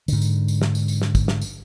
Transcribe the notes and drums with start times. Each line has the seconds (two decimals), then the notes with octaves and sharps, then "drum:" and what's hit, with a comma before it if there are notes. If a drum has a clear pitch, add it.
0.08 G#2 D3, drum: tambourine
0.22 drum: tambourine
0.48 drum: tambourine
0.62 drum: snare
0.75 drum: tambourine
0.88 drum: tambourine
1.02 drum: snare
1.15 drum: kick, tambourine
1.28 drum: snare
1.41 drum: tambourine